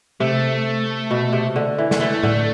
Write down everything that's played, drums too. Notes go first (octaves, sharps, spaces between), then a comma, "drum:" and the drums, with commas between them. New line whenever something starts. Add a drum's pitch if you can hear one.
C3 A3
B2
C3
D3
E3
D3, drum: snare
E3 A3
D3, drum: tom A2